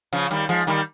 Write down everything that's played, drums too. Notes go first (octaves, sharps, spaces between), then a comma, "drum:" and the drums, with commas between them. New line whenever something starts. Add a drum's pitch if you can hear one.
C#3 F3, drum: hi-hat
D#3 G3, drum: hi-hat
F3 G#3, drum: hi-hat
D#3 G3